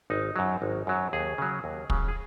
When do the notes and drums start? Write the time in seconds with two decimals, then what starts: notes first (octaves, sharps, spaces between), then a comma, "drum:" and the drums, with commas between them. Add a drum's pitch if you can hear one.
0.10 G#1 D#4
0.36 F#2 F#3
0.62 G#1
0.87 F#2 F#3
1.13 D#2 G#4
1.38 C#3 F#3
1.64 D#2
1.90 C#3 F#3, drum: kick
2.08 G#4